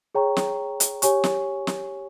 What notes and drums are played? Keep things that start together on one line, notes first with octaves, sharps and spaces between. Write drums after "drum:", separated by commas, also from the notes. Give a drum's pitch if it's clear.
G#4 C#5 G5 A#5 C#6
drum: snare
drum: hi-hat
G4 C#5 G#5 C#6, drum: hi-hat
drum: snare
drum: snare